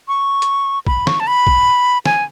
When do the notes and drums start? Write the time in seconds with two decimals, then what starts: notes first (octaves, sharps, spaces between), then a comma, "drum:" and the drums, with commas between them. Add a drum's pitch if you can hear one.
0.08 C#6
0.42 drum: hi-hat
0.87 B5, drum: kick
1.07 C#6, drum: snare
1.20 A5
1.27 B5
1.47 drum: kick
2.06 G#5, drum: snare